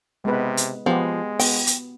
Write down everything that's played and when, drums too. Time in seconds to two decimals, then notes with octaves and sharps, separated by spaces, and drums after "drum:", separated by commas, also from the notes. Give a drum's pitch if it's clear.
0.25 C3 G#3 B3 B4
0.57 drum: hi-hat
0.86 F3 G#3 B3 G4
1.39 B3 G5, drum: open hi-hat
1.67 drum: hi-hat